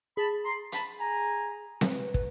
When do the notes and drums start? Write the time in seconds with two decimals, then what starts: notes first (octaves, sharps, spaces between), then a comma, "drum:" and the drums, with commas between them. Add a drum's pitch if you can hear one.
0.17 G#4 A5 B5
0.44 A#5 C6
0.72 A5 B5, drum: hi-hat
0.99 G#5 A#5
1.81 B4, drum: snare C4
2.14 B4, drum: kick